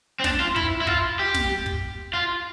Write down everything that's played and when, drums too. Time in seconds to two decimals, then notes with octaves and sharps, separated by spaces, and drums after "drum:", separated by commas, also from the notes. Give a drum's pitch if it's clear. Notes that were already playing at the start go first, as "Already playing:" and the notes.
0.20 C4
0.24 D4, drum: snare
0.40 F4
0.56 E4, drum: kick
0.81 E4
0.87 F4, drum: kick
1.19 G4
1.34 drum: snare
1.66 drum: kick
2.13 F4